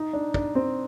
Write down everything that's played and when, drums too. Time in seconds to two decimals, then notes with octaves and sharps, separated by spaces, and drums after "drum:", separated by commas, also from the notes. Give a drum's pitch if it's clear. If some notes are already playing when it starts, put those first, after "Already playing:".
Already playing: D#4
0.13 D4
0.34 D4, drum: kick
0.55 C4